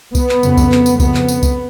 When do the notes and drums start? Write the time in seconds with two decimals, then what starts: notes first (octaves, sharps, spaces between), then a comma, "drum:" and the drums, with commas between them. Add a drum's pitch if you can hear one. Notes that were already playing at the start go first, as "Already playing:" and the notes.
0.15 B3, drum: kick C2, tambourine
0.29 drum: clap
0.43 F2 C#3, drum: tambourine
0.57 drum: kick C2, tambourine
0.72 drum: clap
0.86 drum: tambourine
1.00 F2 C#3 B3, drum: kick C2, tambourine
1.14 drum: clap
1.28 drum: tambourine
1.43 drum: kick C2, tambourine